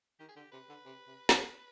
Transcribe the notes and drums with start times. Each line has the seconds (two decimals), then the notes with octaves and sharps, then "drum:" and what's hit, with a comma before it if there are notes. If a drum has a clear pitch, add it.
0.19 D#3 G4
0.29 G#4
0.36 D3 G4
0.52 C3 B4
0.69 D3
0.85 C3
1.07 C3
1.29 B2, drum: snare